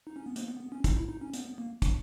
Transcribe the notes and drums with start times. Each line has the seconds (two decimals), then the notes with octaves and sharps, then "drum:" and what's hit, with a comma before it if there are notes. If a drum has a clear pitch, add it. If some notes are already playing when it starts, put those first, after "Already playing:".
0.07 D#4
0.16 C#4
0.26 B3
0.36 A#3, drum: hi-hat
0.48 B3
0.60 B3
0.72 C#4
0.84 D#4, drum: kick, hi-hat
0.96 E4
1.09 D#4
1.21 C#4
1.33 B3, drum: hi-hat
1.45 B3
1.58 A#3
1.82 drum: kick, hi-hat